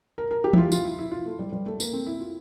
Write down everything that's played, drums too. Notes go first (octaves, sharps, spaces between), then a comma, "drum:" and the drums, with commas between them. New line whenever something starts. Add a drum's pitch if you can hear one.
A#4
A#4
G4
E4, drum: tom E3
F4
F4, drum: tambourine
E4
E4
F4
A3
G3
G3
A3
A#3, drum: tambourine
C4
E4
F4